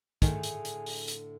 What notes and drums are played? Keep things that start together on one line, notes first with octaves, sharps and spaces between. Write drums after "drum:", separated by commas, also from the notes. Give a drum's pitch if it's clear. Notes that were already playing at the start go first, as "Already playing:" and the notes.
A2 D3 D#3 A3 G#4, drum: kick, hi-hat
drum: hi-hat
drum: hi-hat
drum: open hi-hat
drum: hi-hat